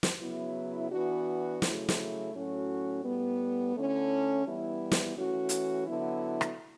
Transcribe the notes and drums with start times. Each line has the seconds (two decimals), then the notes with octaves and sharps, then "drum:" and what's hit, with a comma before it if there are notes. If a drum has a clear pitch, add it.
0.03 drum: snare
0.19 C#3 F#3 B3 E4
0.91 E3 B3 D4 F#4
1.62 C#3 F#3 A3 E4, drum: snare
1.89 drum: snare
2.32 A2 F#3 A3 C#4 F#4
3.03 A2 G3 B3
3.74 D3 A3 C#4 E4
4.45 E3 G3 B3 E4
4.92 drum: snare
5.16 E3 A3 C#4 F#4
5.49 drum: hi-hat
5.87 D3 F#3 B3 E4
6.41 drum: rim click